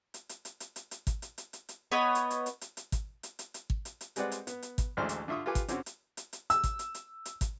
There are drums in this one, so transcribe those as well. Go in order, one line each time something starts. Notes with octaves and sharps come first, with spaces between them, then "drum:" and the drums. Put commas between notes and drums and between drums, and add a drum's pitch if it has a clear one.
drum: hi-hat
drum: hi-hat
drum: hi-hat
drum: hi-hat
drum: hi-hat
drum: hi-hat
drum: kick, hi-hat
drum: hi-hat
drum: hi-hat
drum: hi-hat
drum: hi-hat
B3 B4 C#5 D#5
drum: hi-hat
drum: hi-hat
drum: hi-hat
drum: hi-hat
drum: hi-hat
drum: kick, hi-hat
drum: hi-hat
drum: hi-hat
drum: hi-hat
drum: kick
drum: hi-hat
drum: hi-hat
G3 G#3 C4 B4 D5 F#5, drum: hi-hat
drum: hi-hat
B3, drum: hi-hat
drum: hi-hat
drum: kick, hi-hat
A1 D2 G#3 C5 D5 F6
drum: hi-hat
D3 F4 E5 C#6 D#6
F4 G4 A4 B4 G#5 D6
drum: kick, hi-hat
D3 C4 C#4 F#4, drum: hi-hat
drum: hi-hat
drum: hi-hat
drum: hi-hat
E6, drum: hi-hat
drum: kick, hi-hat
drum: hi-hat
drum: hi-hat
drum: hi-hat
drum: kick, hi-hat